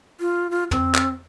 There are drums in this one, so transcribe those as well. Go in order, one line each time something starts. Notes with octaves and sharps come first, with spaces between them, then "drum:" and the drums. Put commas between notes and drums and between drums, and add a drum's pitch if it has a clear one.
F4
F4
C4, drum: tom
drum: clap